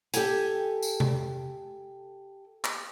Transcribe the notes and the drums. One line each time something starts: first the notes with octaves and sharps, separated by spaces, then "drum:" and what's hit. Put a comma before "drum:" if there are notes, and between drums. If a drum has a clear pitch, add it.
G4 A4 G#5, drum: hi-hat
drum: tambourine
drum: tom C3
drum: clap